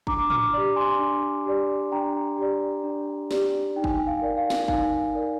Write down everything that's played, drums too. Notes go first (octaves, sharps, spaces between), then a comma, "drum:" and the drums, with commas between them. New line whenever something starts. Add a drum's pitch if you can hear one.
D4 A#5 D6, drum: kick
D6 F6, drum: tom
G4 D5
G#5 C6
D4
G4 D5
D4 G5 A#5
G4 D5
D4
G4 D5, drum: snare
D#4 G5
G#5, drum: kick
G5
F5
A#4 D5
F5
drum: snare
D#4 F5 G#5, drum: kick
A#4 D5